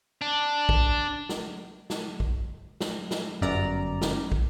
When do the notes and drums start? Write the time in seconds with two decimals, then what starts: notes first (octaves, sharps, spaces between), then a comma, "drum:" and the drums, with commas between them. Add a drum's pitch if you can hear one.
0.21 D4
0.69 drum: kick
1.29 drum: snare
1.90 drum: snare
2.20 drum: kick
2.81 drum: snare
3.11 drum: snare
3.41 G1 F#2 D5 A#5
4.01 drum: snare
4.32 drum: kick